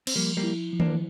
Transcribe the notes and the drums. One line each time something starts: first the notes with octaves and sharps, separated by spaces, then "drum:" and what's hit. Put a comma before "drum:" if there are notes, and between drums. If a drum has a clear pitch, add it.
C4, drum: cymbal
F3 G3 A#3
G3 A#3
E4
F3
A#3 D4, drum: tom D#3